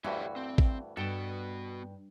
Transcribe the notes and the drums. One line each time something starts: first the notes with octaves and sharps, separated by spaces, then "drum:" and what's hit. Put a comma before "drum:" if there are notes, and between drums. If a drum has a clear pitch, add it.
D2 G2 E3 F#4 G4 C#5 E5
C4
drum: kick
G2 B3 F#4 A4 G5 A5